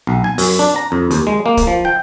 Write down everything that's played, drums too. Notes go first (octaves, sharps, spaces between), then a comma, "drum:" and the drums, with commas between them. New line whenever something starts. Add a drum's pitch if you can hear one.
B1
G#5
F#2, drum: open hi-hat
D4
A#5
F2
D#2, drum: hi-hat
G#3
A#3
drum: kick, hi-hat
F3
G5